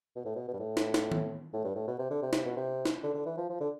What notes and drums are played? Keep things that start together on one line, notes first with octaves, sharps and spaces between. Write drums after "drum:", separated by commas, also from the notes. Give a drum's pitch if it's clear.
B2
A2
B2
B2
G2
A2
drum: snare
drum: snare
drum: tom
A2
G2
A2
B2
C3
D3
C3
C3, drum: snare
B2
C3
drum: snare
D3
D3
E3
F3
F3
D3